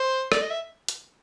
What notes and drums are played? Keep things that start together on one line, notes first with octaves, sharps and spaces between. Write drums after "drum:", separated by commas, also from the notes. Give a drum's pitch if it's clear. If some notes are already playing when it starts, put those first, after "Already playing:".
Already playing: C5
D5, drum: rim click
D#5
E5
drum: hi-hat